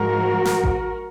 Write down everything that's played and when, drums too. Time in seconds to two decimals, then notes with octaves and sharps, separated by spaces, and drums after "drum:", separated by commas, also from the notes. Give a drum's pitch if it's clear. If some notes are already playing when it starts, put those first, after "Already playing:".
Already playing: G#2 F3 G#3 F#4 A#4
0.45 drum: snare
0.64 drum: kick A1